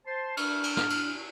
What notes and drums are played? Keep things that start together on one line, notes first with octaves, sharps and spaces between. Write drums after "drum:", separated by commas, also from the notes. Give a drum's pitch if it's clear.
C5 A5 C6
D4 F6, drum: cymbal
drum: cymbal
drum: snare
drum: cymbal